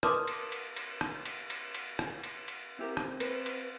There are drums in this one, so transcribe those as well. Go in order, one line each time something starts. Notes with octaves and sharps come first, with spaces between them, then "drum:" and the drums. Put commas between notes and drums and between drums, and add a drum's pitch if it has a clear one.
A#4 B4 A5 C6 D6 D#6, drum: rim click
drum: cymbal
drum: cymbal
drum: cymbal
drum: rim click
drum: cymbal
drum: cymbal
drum: cymbal
drum: rim click
drum: cymbal
drum: cymbal
C4 E4 G4 A#4
drum: rim click
B4, drum: cymbal
drum: cymbal